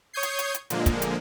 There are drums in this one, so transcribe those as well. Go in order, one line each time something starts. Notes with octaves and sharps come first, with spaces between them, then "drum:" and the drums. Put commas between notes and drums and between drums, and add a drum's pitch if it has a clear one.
C#5 C#6 D#6 G6 G#6 C7
drum: hi-hat
drum: hi-hat
drum: hi-hat
A#2 D3 F3 G#3 A#3, drum: hi-hat
drum: kick, hi-hat
drum: hi-hat